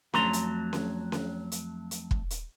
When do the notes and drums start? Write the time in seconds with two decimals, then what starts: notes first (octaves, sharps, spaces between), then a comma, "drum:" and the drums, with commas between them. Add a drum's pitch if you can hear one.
0.14 F2 F#3 A3 A#5 C6, drum: snare C#4
0.33 drum: hi-hat
0.73 drum: snare C#4
1.12 drum: snare C#4
1.52 drum: hi-hat
1.91 drum: hi-hat
2.11 drum: kick
2.30 drum: hi-hat